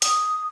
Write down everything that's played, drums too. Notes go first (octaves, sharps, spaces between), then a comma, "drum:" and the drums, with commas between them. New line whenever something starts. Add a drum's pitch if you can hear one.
D#6, drum: hi-hat